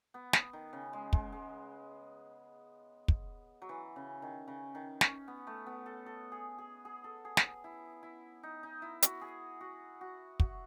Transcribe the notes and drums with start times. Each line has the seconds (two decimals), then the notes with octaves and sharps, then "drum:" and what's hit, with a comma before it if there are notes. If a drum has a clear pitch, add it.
0.14 B3
0.33 drum: snare
0.53 D#3
0.73 C#3
0.93 G#3
1.13 G#3, drum: kick
1.32 G#3
3.08 drum: kick
3.62 F#3
3.69 E3
3.96 C#3
4.22 D#3
4.48 C#3
4.75 D#3
5.01 C#4, drum: snare
5.28 B3
5.47 A3
5.66 B3
5.86 A4
6.06 A4
6.32 G#4
6.58 G#4
6.85 G#4
7.04 A4
7.25 G#4
7.37 drum: snare
7.64 E4
8.03 E4
8.43 D#4
8.63 D#4
8.82 E4
9.02 F#4, drum: hi-hat
9.21 G#4
9.61 F#4
10.01 F#4
10.40 F#4, drum: kick